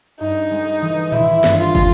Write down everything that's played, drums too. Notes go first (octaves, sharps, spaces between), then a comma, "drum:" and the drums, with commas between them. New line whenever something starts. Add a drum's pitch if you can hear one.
G2 D#4
G#3
E3
G#1 E4, drum: tom A2
G2, drum: snare
F4
G#3, drum: kick